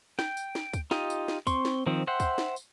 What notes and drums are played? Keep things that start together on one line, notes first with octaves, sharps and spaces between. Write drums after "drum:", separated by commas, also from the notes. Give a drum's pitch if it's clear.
G5, drum: snare
drum: tambourine
drum: snare
drum: kick, tambourine
D#4 F4 G4 D#5, drum: snare
drum: tambourine
drum: snare
C4 C6 C#6, drum: kick, tambourine
drum: snare
D#3 F3 C4
C5 E5 F#5 G5 C6
drum: kick, tambourine
drum: snare
drum: tambourine